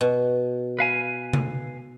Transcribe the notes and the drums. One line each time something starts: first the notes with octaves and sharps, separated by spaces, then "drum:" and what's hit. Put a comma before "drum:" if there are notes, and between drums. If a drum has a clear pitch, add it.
B2
B4 F5 G#5
drum: tom C3